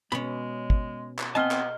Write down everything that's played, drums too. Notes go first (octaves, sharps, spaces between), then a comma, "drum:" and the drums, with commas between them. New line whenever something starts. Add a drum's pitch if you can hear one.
B2 G#3 C#4 B5
drum: kick
drum: clap
B3 C4 D#5 G#5 A5 F6 G7
drum: clap